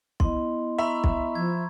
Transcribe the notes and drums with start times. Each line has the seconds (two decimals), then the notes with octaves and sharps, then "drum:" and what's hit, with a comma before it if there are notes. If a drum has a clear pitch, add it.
0.20 B3 E4 D#5 C6, drum: kick
0.79 E5 A#5 B5 C#6
1.04 drum: kick
1.35 F3 G#6